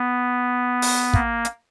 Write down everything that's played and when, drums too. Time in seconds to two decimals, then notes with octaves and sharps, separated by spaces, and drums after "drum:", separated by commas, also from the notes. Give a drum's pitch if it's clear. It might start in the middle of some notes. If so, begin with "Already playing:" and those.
Already playing: B3
0.82 drum: open hi-hat
1.13 A#3, drum: kick
1.45 drum: hi-hat